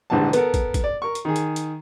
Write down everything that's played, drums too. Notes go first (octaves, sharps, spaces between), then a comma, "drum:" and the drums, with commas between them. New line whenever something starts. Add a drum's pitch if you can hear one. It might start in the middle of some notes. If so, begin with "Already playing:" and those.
A#1 G#2 D3 E3 G3 A5
B3 A4 A#4, drum: hi-hat
drum: kick, hi-hat
drum: kick, hi-hat
D5
A#4 C#6
drum: hi-hat
D#3 G#4
drum: hi-hat
drum: hi-hat